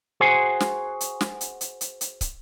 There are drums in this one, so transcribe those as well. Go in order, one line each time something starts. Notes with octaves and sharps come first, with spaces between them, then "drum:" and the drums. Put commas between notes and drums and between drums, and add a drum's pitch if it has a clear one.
F#4 G#4 C5 F#5 G#5
drum: snare
drum: hi-hat
drum: snare
drum: hi-hat
drum: hi-hat
drum: hi-hat
drum: hi-hat
drum: kick, hi-hat